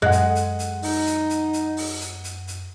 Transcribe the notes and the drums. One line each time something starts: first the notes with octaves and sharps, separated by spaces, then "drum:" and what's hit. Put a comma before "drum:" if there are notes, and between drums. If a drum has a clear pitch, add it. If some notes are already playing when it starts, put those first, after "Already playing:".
F#2 G#3 F#5 F#6
drum: hi-hat
drum: hi-hat
drum: hi-hat
D#4, drum: open hi-hat
drum: hi-hat
drum: hi-hat
drum: hi-hat
drum: open hi-hat
drum: hi-hat
drum: hi-hat
drum: hi-hat